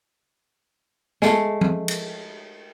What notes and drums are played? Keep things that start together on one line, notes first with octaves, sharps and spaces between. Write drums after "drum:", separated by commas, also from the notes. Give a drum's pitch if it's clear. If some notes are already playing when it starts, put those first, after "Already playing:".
G#3 A3, drum: snare
drum: tom F3
drum: cymbal